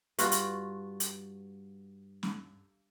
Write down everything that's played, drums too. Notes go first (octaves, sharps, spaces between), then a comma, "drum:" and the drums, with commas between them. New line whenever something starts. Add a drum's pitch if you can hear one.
G2 F4 F#4, drum: hi-hat
drum: hi-hat
drum: hi-hat
drum: snare